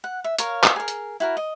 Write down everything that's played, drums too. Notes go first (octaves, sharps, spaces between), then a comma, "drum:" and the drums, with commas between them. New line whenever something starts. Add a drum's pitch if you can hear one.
F#5
E5
A#4 C#5 F5, drum: hi-hat
drum: clap
G#4 A#4
drum: hi-hat
E4 F#4 A#4
D#5